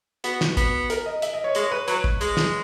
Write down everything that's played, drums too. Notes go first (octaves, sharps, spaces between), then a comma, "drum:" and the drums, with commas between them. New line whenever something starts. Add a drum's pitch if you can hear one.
B3 F#4, drum: hi-hat
drum: snare
B3, drum: kick, hi-hat
A#4, drum: hi-hat
D#5
E5, drum: hi-hat
D#5
C#5
G#3 C#5, drum: hi-hat
B4
F#3 B4, drum: hi-hat
drum: kick
G#3, drum: hi-hat
drum: snare